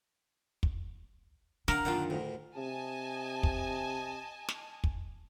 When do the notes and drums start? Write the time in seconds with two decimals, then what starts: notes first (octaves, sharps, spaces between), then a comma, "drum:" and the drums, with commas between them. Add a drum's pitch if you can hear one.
0.63 drum: kick
1.68 D3 A#4 F5 F#5, drum: snare
1.85 F#2 A#2 D#3 D4 F4 F#5
2.10 D2 A2
2.56 C3 D#5 G#5 A5
3.43 drum: kick
4.49 drum: snare
4.84 drum: kick